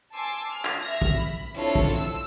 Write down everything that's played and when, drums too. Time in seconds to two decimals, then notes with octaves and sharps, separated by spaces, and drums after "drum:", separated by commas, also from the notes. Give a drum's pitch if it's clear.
0.13 G#5 A5 C6 D6 E6
0.52 F6
0.65 drum: clap
0.83 E5 F6 A#6
1.02 drum: kick
1.16 B5
1.55 C4 D4 E4 F4 A4 C#5, drum: hi-hat
1.75 drum: kick
1.94 E6, drum: hi-hat